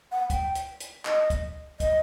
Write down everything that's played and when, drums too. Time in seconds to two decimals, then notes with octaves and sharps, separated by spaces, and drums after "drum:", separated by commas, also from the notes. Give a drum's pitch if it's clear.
0.12 F#5
0.30 G5, drum: kick, hi-hat
0.55 drum: hi-hat
0.80 drum: hi-hat
1.05 D#5, drum: clap
1.30 drum: kick, hi-hat
1.80 D#5, drum: kick, hi-hat